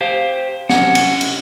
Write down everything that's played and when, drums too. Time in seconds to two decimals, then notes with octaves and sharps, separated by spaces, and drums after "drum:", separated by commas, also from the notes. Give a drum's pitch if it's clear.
0.01 G4 C5 F5
0.69 C2 F#3 C#4 F#5, drum: snare
0.95 drum: cymbal
1.21 drum: cymbal